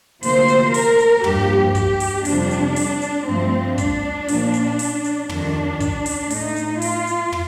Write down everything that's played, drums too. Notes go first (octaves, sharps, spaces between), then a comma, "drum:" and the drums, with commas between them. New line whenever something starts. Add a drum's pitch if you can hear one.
D2 C3 F3 A#3 C5, drum: open hi-hat
drum: hi-hat
A#4, drum: open hi-hat
drum: hi-hat
G2 F3 A#3 G4, drum: tom
G4, drum: kick, hi-hat
drum: open hi-hat
F2 C3 G3 D4, drum: open hi-hat
drum: hi-hat
drum: open hi-hat
drum: hi-hat
G2 F3 A3 C4
D4, drum: kick, hi-hat
A#2 F3 A#3, drum: open hi-hat
drum: hi-hat
drum: open hi-hat
drum: hi-hat
F2 D#3 G3 D4, drum: tom
drum: kick, hi-hat
drum: open hi-hat
A2 D#4, drum: open hi-hat
A3
drum: hi-hat
F4, drum: open hi-hat
drum: hi-hat
drum: tom